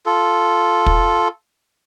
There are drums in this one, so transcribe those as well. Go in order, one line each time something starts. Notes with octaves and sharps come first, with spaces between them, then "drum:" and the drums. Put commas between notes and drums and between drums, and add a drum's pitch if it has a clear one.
F4 A4
drum: kick